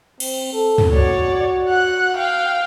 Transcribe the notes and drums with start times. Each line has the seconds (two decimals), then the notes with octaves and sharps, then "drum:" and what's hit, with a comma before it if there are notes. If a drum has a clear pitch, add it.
0.20 C4, drum: cymbal
0.53 A4
0.78 drum: tom
0.91 F#4 C#5 D5
1.69 F#5 F#6
2.17 F5 G5